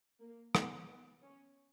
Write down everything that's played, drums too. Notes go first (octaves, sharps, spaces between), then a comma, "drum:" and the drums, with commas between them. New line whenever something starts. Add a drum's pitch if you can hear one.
A#3
B3, drum: rim click
B3
C#4